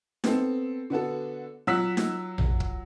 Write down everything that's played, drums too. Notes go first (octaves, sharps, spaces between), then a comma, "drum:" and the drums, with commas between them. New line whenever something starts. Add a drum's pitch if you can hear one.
B3 C4 A4, drum: snare D#4
D3 B3 F#4 A4
F#3 F4 F#5 E6 F#6 B6
drum: snare D#4
drum: tom A#1
drum: kick